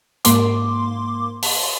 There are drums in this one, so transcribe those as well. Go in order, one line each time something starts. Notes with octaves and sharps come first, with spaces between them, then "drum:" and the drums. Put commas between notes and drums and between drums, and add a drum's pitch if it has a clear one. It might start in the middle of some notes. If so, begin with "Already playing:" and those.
G#2 A#3 C6 D6, drum: hi-hat
drum: open hi-hat